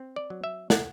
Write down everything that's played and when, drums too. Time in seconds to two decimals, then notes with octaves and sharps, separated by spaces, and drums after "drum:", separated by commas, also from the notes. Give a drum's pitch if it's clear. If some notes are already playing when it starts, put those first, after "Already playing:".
Already playing: C4
0.16 D5
0.30 F#3
0.44 E5
0.70 F#5, drum: snare